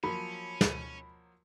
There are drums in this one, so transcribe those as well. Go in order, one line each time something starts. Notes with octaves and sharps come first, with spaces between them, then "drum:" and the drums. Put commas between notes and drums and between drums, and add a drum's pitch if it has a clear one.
F3 F#3 A#3 C#4 B5
drum: snare